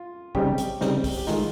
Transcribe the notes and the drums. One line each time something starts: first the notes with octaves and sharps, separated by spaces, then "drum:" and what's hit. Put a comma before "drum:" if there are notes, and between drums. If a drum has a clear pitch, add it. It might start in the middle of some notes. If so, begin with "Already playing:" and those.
Already playing: F4
C#3 G3 C4 D#4 G4, drum: kick
drum: hi-hat
C#3 G3 C4 D#4, drum: snare
drum: kick, open hi-hat
G4
D#3 G#3 D#4 F4, drum: snare